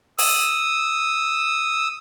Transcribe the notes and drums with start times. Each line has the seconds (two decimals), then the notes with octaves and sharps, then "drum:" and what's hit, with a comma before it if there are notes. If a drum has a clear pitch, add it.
0.18 D#6 E6, drum: open hi-hat